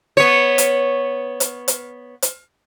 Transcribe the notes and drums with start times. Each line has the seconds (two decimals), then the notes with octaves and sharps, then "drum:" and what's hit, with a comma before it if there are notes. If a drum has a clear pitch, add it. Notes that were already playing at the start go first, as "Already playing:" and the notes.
0.17 B3 C#5
0.58 drum: hi-hat
1.40 drum: hi-hat
1.68 drum: hi-hat
2.22 drum: hi-hat